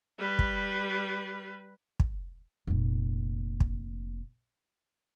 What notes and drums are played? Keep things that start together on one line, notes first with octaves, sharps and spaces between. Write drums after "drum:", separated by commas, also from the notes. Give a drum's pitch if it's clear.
G3 B4
drum: kick
drum: kick
F1 A#2
drum: kick